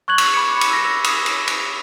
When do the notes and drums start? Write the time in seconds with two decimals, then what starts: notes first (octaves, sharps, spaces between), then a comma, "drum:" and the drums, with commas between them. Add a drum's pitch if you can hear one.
0.08 C#6 F#6 G#6 F#7
0.18 drum: cymbal
0.34 B5 D6 G#6 C#7
0.61 drum: cymbal
0.70 E6 A#6
1.04 D#6 G#6, drum: cymbal
1.26 drum: cymbal
1.48 drum: cymbal